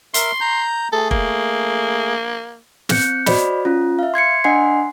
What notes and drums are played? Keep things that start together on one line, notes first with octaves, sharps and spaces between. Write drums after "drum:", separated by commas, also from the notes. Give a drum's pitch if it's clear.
A#4 E5 C6, drum: hi-hat
A#5 G6
A3 G#4 A4
A#3, drum: kick
C4 F#6 G6 C#7, drum: snare
F#4 C5 D5 D#5 B5, drum: snare
C#4 F4
E5 F5
C6 G#6 C7 C#7
D4 D#5 F#5 G#5 C6 C7